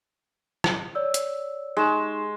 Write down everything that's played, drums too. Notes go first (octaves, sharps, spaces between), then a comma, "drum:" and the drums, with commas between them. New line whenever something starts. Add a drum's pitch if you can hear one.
drum: rim click
C#5 D5 E6
drum: hi-hat
G#3 D#4 C#6 E7